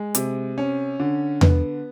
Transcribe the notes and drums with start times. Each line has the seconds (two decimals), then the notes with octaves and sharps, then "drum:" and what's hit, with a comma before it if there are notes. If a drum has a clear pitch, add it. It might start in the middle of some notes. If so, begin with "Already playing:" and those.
Already playing: G#3
0.15 C3, drum: hi-hat
0.58 C#4
1.00 D3
1.41 B3, drum: tom E2